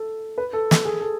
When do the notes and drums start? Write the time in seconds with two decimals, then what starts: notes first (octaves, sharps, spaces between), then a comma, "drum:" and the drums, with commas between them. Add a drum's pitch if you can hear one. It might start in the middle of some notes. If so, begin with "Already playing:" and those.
Already playing: A4
0.38 B4
0.53 A4
0.71 drum: snare
0.85 G#4
1.01 A4